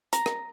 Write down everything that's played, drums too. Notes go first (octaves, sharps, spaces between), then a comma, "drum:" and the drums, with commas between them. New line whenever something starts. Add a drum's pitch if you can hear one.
A#5, drum: hi-hat
drum: rim click